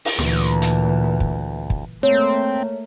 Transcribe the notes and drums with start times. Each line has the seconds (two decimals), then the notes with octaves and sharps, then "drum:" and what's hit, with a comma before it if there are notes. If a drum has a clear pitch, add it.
0.05 drum: open hi-hat
0.19 D2 A#2 E3, drum: snare
0.62 drum: hi-hat
1.20 drum: kick
1.70 drum: kick
2.03 A3 A#3 C4 C#5